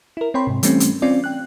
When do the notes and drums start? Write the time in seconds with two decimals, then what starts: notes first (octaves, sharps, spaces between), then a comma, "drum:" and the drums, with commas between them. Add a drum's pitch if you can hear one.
0.17 E4 A#4
0.34 C4 C#5 G5 B5 C6
0.47 G#2 C3
0.63 E3 G3 A3 C4 C#4, drum: hi-hat
0.80 drum: hi-hat
1.02 C4 C#4 F4 D5
1.24 G5 F#6